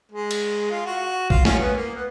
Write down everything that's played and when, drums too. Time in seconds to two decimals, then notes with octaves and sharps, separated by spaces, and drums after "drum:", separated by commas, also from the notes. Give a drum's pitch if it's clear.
0.12 G#3
0.31 drum: cymbal
0.71 F4
0.86 F#4
1.30 F4, drum: kick
1.45 C#4, drum: snare
1.59 B3
1.75 A#3
1.95 B3